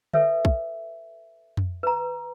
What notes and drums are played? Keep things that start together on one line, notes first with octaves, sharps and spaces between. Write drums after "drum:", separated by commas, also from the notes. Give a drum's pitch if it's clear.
A4 B4 C#5 E5, drum: tom D3
drum: kick
drum: tom F2
B4 A#5